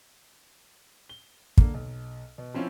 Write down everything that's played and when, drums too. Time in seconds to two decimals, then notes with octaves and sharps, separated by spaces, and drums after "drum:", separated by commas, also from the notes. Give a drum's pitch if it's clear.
1.09 G7
1.58 D3 A#3, drum: kick
1.74 B1
2.38 B2
2.54 F3 C4 C#4 E4 F4